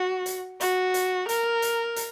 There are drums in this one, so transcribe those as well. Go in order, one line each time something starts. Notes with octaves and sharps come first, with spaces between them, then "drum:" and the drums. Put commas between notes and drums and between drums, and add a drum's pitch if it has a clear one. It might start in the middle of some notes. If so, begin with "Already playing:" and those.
Already playing: F#4
drum: hi-hat
F#4, drum: hi-hat
drum: hi-hat
A#4, drum: hi-hat
drum: hi-hat
drum: hi-hat